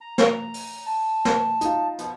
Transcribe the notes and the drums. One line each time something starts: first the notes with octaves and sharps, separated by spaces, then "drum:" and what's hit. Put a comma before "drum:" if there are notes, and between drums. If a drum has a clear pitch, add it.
A#5
drum: snare
drum: open hi-hat
A5
drum: snare
D#4 F4, drum: hi-hat
B2 F3 B3, drum: hi-hat